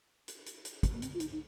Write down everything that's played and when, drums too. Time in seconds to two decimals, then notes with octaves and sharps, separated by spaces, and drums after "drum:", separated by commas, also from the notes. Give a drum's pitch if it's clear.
0.28 drum: hi-hat
0.46 drum: hi-hat
0.65 drum: hi-hat
0.83 drum: kick, hi-hat
0.94 A#3
1.02 C4, drum: hi-hat
1.14 F4
1.20 D#4, drum: hi-hat
1.32 D#4